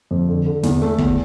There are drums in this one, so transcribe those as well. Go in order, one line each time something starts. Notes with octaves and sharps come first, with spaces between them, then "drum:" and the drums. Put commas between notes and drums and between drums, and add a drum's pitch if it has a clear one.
F2
D3
D3
E2, drum: snare
A3
E2, drum: kick